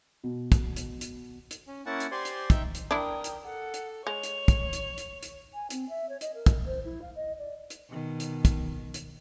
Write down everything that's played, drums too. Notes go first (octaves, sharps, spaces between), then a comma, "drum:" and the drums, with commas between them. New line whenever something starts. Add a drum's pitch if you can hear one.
B2
drum: kick, hi-hat
drum: hi-hat
drum: hi-hat
drum: hi-hat
C#4
A#3 C#4 E4 F#5 A5 C#6
drum: hi-hat
G4 C5 D5 G#5 C6
drum: hi-hat
D#4 E5 G5, drum: kick, hi-hat
drum: hi-hat
D4 E4 A#4 G5 D#6
drum: hi-hat
A4 F#5
drum: hi-hat
G#3 C#5 F7
drum: hi-hat
drum: kick, hi-hat
drum: hi-hat
drum: hi-hat
drum: hi-hat
G#5
C4, drum: hi-hat
E5
C#5
D#5, drum: hi-hat
A#4
drum: kick, hi-hat
C5
E4
F5
D#5
D5
drum: hi-hat
B2 D#3
drum: hi-hat
drum: kick, hi-hat
drum: hi-hat